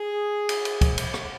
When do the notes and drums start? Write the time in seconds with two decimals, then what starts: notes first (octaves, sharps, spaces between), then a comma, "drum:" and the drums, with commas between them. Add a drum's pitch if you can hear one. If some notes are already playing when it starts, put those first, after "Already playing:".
Already playing: G#4
0.49 drum: cymbal
0.65 drum: cymbal
0.81 drum: kick, cymbal
0.98 drum: cymbal
1.14 drum: rim click